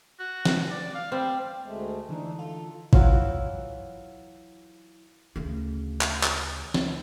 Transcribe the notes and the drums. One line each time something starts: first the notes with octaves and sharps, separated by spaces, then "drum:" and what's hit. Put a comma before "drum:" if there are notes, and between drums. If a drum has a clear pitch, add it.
F#4
drum: snare
D5
F5
G3 C4
D2 G#3 A3
D3 E3 D4 D#4
F4 A4
E3 F#3 E4 F4, drum: kick G#1
D2 C#3
drum: clap
drum: clap
drum: snare